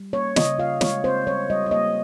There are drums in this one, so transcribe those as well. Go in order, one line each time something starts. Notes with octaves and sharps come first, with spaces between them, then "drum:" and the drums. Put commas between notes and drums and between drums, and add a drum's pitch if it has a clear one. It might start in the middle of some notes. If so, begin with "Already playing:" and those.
Already playing: G3
A#3 C#5
C#3 D#5, drum: snare
F4 F5
G#3 C#5, drum: snare
C4 C5
G3 C#5
G3 D#5
C#5
A#3 D#5